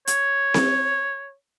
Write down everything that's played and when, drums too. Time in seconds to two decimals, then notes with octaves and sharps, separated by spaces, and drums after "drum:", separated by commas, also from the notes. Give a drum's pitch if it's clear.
0.07 C#5, drum: hi-hat
0.54 drum: snare C4